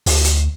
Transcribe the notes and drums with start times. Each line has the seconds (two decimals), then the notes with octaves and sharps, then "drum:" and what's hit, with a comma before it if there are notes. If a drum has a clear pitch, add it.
0.06 D2, drum: open hi-hat
0.24 drum: hi-hat